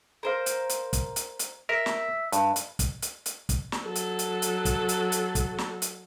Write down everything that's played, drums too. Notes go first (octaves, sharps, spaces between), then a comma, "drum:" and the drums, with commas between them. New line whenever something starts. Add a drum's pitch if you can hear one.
A#4 C5 F5
drum: hi-hat
drum: hi-hat
drum: kick, hi-hat
drum: hi-hat
drum: hi-hat
A#4 E5
drum: snare
G2, drum: hi-hat
drum: hi-hat
drum: kick, hi-hat
drum: hi-hat
drum: hi-hat
drum: kick, hi-hat
drum: snare
F#3 A4
drum: hi-hat
drum: hi-hat
drum: hi-hat
drum: kick, hi-hat
drum: hi-hat
drum: hi-hat
drum: kick, hi-hat
drum: snare
drum: hi-hat